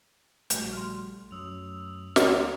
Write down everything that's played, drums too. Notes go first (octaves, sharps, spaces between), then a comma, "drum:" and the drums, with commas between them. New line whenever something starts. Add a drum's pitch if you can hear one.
A#1 G3 A3 F#4 G5 A5, drum: hi-hat
C6 F6
F#2 F#3 D#6 E6 F7
D2 A#3 F#4 A#5 C6 A6 A#6 F7, drum: snare